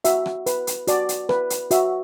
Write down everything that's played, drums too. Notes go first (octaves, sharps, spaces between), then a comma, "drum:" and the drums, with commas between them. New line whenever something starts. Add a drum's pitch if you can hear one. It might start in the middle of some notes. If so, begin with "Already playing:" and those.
F#4 E5, drum: hi-hat
drum: rim click
B4, drum: hi-hat
drum: hi-hat
F#4 D5, drum: hi-hat
drum: hi-hat
B4, drum: rim click
drum: hi-hat
F#4 E5, drum: hi-hat